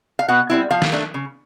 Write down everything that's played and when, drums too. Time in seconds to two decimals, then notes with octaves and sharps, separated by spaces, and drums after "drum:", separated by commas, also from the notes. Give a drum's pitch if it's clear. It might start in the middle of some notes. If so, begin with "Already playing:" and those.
0.19 F5
0.28 B2 F#5
0.50 G3 C4 E4
0.71 F3 F5
0.82 drum: snare
0.92 A3 D4
1.14 C#3